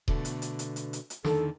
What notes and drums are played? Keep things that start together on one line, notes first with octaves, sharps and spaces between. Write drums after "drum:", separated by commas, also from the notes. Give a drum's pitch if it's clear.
B2 D3 A3, drum: kick D#1
drum: hi-hat
drum: hi-hat
drum: hi-hat
drum: hi-hat
drum: hi-hat
drum: hi-hat
E2 D3 D#3 A4, drum: snare